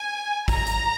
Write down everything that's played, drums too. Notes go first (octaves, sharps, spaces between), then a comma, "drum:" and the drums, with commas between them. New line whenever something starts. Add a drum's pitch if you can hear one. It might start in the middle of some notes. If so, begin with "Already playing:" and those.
Already playing: G#5
A#5, drum: kick, open hi-hat
drum: hi-hat